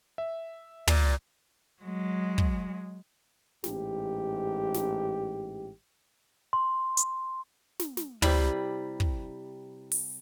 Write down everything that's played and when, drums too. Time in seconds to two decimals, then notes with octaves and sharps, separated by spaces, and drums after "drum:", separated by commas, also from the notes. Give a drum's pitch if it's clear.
0.18 E5
0.87 A#2, drum: tom
1.82 F#3 G#3
2.38 drum: kick
3.64 A1 G#2 G4, drum: snare
4.74 drum: snare
6.53 C6
6.97 drum: hi-hat
7.79 drum: snare
7.97 drum: snare
8.22 C3 G3 E4 B4 C5, drum: tom
9.00 drum: kick
9.92 drum: open hi-hat